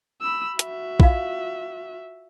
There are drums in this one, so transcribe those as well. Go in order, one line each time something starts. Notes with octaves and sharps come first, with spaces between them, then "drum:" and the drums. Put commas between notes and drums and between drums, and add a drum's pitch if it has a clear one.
B5 E6
F#4 E5, drum: hi-hat
F4 F5, drum: kick